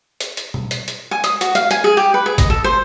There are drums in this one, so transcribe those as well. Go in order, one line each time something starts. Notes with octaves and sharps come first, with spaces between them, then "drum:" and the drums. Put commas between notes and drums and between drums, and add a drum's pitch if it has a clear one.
drum: hi-hat
drum: hi-hat
drum: tom
drum: hi-hat
drum: hi-hat
G#5
D#6, drum: hi-hat
F#4, drum: hi-hat
F5, drum: hi-hat
G#5, drum: hi-hat
G#4
G4
B4
G#4
D#5, drum: kick G#1, hi-hat
A4
C5